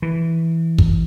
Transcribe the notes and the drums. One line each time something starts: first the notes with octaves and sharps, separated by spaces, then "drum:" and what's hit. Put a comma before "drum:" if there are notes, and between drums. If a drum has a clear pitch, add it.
E3
drum: kick